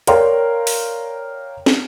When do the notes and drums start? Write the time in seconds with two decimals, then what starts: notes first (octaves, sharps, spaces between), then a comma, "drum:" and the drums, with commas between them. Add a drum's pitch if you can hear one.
0.07 A#4 C#5 D5 F5 G5 C6, drum: hi-hat
0.67 drum: open hi-hat
1.66 drum: snare